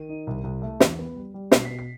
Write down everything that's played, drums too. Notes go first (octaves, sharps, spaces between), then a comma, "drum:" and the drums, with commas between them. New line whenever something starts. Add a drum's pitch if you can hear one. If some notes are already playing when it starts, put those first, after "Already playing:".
Already playing: D#3 D#7
D#4
C2
C2
A3
E2, drum: snare
B3
G3
G3
B2 C7, drum: snare
B2 B6
C7